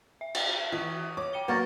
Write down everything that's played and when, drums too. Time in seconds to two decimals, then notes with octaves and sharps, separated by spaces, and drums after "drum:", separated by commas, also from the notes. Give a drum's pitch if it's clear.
0.21 E5
0.35 drum: cymbal
0.72 E3 F#4 D#5 D#6 B6
1.17 C#5 D6
1.33 G5 C#7 G7
1.48 F#3 A#3 F#4 A#4 B4 D5 F#5